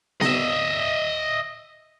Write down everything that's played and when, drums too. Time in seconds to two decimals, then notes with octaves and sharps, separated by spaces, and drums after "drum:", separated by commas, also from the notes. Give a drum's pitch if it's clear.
0.21 D#5 E5, drum: snare B3